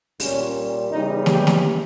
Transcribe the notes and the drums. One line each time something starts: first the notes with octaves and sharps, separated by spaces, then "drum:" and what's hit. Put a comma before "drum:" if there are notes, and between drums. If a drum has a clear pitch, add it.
A#2 G3 C#4, drum: open hi-hat
E2 C#3 G3 D#4
G4, drum: snare
drum: snare